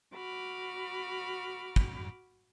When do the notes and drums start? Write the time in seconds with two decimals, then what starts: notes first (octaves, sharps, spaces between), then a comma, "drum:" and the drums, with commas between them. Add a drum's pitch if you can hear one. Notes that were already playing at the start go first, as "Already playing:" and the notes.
0.15 F#4 B5 D6 F6
1.76 drum: kick